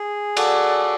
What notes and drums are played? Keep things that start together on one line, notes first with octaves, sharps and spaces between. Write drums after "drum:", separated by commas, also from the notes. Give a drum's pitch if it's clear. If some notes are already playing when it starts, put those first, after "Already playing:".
Already playing: G#4
F#4 A4 D5, drum: cymbal